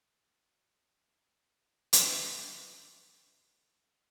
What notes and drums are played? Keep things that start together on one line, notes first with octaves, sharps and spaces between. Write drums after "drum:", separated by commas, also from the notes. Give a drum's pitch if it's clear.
F5
A5
D#5
E4 D#6 C#7
drum: hi-hat
B3
F#5
A3
G#4
E3
E4